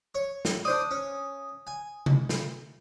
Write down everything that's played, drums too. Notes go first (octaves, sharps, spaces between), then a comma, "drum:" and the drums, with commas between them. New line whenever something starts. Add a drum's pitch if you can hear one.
C#5
drum: snare
D4 C5 D5 D#6
C#4
G#5
drum: tom C3
drum: snare